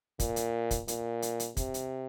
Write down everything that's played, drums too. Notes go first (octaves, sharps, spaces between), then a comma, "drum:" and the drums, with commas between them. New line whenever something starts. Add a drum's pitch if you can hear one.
A#2, drum: kick, hi-hat
drum: hi-hat
drum: kick, hi-hat
A#2, drum: hi-hat
drum: hi-hat
drum: hi-hat
C3, drum: kick, hi-hat
drum: hi-hat